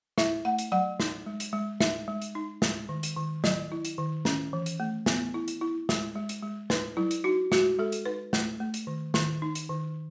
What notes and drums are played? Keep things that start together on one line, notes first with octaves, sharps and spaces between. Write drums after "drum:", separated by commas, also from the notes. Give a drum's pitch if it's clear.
E4 E5, drum: snare
A3 F#5
drum: hi-hat
F#3 F#5
D#4, drum: snare
G#3
drum: hi-hat
G#3
D#4 E5, drum: snare
G#3
drum: hi-hat
D#4
G#3, drum: snare
D#3
drum: hi-hat
D#3
F#3 D#5, drum: snare
E4
drum: hi-hat
D#3
C#4, drum: snare
E3
drum: hi-hat
A3
B3, drum: snare
E4
drum: hi-hat
E4
G#3, drum: snare
G#3
drum: hi-hat
G#3
D#4 B4, drum: snare
F#3 E4
drum: hi-hat
D#4 F#4
G#3 F#4, drum: snare
G#3 A4
drum: hi-hat
D#4 B4
A3, drum: snare
A3
drum: hi-hat
D#3
D#3, drum: snare
D#4
drum: hi-hat
D#3